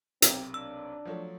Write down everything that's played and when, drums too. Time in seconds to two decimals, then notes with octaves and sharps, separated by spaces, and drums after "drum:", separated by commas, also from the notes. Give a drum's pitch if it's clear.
0.22 B1 C3 C4 A#4, drum: hi-hat
0.54 D4 E6
1.05 F3 F#3 A3